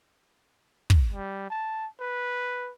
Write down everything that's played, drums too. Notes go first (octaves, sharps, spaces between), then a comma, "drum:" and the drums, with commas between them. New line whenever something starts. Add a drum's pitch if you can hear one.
drum: kick
G3
A5
B4